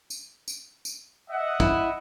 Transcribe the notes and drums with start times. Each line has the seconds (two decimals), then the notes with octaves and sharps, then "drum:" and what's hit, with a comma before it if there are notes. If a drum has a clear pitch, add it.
0.10 drum: tambourine
0.48 drum: tambourine
0.85 drum: tambourine
1.30 D#5 E5 F#5
1.60 E4, drum: kick